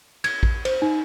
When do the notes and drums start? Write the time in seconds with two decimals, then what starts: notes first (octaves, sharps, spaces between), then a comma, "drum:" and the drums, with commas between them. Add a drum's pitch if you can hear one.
0.24 G#6, drum: cymbal
0.43 drum: kick A1
0.65 C5, drum: cymbal
0.82 D#4